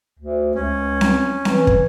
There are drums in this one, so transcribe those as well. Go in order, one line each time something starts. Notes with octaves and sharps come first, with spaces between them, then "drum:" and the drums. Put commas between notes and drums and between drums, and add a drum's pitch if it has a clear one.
D2
C#2 C#4
drum: snare C4
E3, drum: snare C4
drum: kick